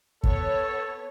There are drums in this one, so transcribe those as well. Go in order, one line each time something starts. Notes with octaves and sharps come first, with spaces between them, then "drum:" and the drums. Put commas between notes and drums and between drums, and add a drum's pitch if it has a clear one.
B3 A4 C#5, drum: kick